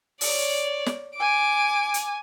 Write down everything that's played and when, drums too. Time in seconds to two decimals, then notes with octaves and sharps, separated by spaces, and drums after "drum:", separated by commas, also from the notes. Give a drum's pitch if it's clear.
0.21 C#5 D5, drum: open hi-hat
0.86 drum: snare
1.17 G#5 D6 D7
1.94 drum: hi-hat